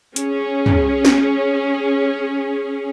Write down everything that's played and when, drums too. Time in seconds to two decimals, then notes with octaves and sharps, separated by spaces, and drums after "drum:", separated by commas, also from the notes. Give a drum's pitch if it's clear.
0.16 C#4 G#4, drum: hi-hat
0.66 drum: tom
1.05 drum: snare